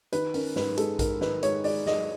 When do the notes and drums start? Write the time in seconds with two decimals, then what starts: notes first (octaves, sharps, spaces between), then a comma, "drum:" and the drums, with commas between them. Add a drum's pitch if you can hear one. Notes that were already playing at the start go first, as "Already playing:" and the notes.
0.13 D#3 B4, drum: hi-hat
0.34 C#4 A#4, drum: open hi-hat
0.56 G#2 B4, drum: snare
0.77 G#3 A4, drum: hi-hat
0.99 G#2 A#4, drum: kick A#1, hi-hat
1.21 D#3 B4, drum: snare
1.43 G#3 C#5, drum: hi-hat
1.64 G#3 D5, drum: open hi-hat
1.86 G#3 D#5, drum: snare